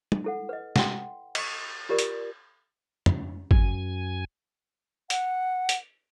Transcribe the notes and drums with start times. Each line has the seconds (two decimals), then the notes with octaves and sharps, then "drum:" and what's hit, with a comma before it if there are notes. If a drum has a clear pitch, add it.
0.12 drum: tom
0.24 E4 A4 F#5
0.49 B4 D#5
0.76 F#5 G5 C6, drum: snare
1.35 D#5 C#6, drum: cymbal
1.89 F4 G4 A#4 D5
1.99 drum: hi-hat
3.06 drum: tom
3.51 F#2 G#5, drum: kick
5.10 F#5, drum: hi-hat
5.69 drum: hi-hat